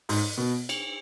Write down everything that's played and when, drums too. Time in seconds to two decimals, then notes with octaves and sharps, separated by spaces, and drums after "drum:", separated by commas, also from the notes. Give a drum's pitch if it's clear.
0.09 G#2, drum: open hi-hat
0.38 B2
0.69 drum: cymbal